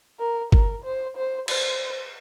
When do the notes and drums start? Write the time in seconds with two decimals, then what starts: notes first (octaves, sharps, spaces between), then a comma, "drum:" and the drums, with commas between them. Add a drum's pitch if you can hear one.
0.19 A#4
0.52 A#4, drum: kick G1
0.84 C5
1.17 C5
1.48 C5, drum: cymbal